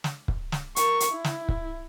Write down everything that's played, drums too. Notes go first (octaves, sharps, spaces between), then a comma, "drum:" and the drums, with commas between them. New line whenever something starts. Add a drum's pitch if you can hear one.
drum: snare
drum: kick
drum: snare
A#4 C#6, drum: hi-hat
drum: hi-hat
E4
drum: snare
drum: kick